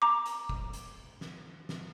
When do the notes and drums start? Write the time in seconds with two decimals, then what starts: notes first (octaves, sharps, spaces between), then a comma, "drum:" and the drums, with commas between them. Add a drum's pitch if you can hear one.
0.02 A#5 D6
0.26 drum: hi-hat
0.49 drum: kick
0.73 drum: hi-hat
1.21 drum: snare
1.69 drum: snare